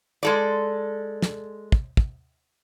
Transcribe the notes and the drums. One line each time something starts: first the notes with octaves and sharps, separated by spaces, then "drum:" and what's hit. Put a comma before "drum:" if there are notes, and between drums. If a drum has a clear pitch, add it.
G#3 A4 D5
drum: snare
drum: kick
drum: kick